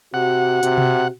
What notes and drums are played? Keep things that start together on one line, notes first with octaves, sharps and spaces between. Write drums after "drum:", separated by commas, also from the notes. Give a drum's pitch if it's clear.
C3 F#4 F#5
C3, drum: hi-hat
drum: tom B2